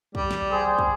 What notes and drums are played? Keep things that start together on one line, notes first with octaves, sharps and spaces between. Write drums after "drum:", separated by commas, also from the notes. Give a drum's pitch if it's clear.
G3, drum: kick
drum: snare
G#4 C5 G5
drum: kick